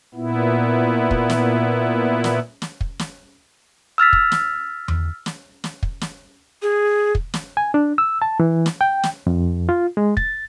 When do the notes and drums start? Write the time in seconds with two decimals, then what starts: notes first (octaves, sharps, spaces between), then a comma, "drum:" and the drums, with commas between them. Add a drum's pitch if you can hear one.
0.15 A#2 B3 E4
1.11 drum: kick
1.30 drum: snare
2.24 drum: snare
2.62 drum: snare
2.81 drum: kick
2.99 drum: snare
3.98 E6 F6 A6 B6
4.13 drum: kick
4.32 drum: snare
4.88 drum: tom E2
5.26 drum: snare
5.64 drum: snare
5.83 drum: kick
6.01 drum: snare
6.62 G#4
7.15 drum: kick
7.34 drum: snare
7.57 G#5
7.74 D4
7.98 E6
8.22 A5
8.40 E3
8.66 drum: snare
8.81 G5
9.03 drum: snare
9.27 F2
9.69 F4
9.97 G#3
10.17 A6, drum: kick